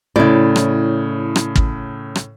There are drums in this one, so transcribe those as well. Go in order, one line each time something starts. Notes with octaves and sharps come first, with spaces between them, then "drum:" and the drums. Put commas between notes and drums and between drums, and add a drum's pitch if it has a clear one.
A2 C#3 E4 D5
drum: rim click
drum: rim click
drum: kick
drum: rim click